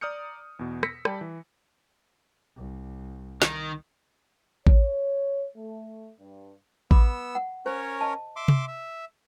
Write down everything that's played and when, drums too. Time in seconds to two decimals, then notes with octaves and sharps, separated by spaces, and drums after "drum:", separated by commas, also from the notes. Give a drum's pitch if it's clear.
0.01 D5 A#5 D#6 F6 G6 C#7
0.59 E2 B2
0.83 E6 A#6 B6 C#7, drum: rim click
1.05 G3 D5 G5 A5 B5, drum: rim click
1.21 E3
2.57 C2
3.42 D#3, drum: snare
4.67 C#5, drum: kick A1
5.56 A3
6.20 G2
6.91 B3 B5 D6 E6, drum: kick A1
7.35 F#5
7.66 C#4 A#4 C5 C#5
8.01 D#5 A5
8.36 E5 C6 D6
8.48 drum: tom C3
8.68 E5